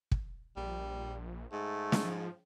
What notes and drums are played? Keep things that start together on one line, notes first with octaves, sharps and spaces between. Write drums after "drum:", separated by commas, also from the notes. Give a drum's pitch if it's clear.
drum: kick
A#1 G3
G#2 A3
drum: snare
F3